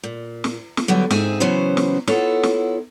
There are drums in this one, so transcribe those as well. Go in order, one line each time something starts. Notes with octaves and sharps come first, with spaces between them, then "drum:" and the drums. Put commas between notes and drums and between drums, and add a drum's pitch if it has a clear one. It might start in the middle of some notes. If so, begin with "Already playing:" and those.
A#2
drum: snare
drum: snare
D3 F#3 G3 B3
G#2 C4 G#4 E5 G#5, drum: snare
C#3 E3 F#3 B3 C#4 C5
drum: snare
B3 E4 F4 A4 C#5 F#5, drum: snare
drum: snare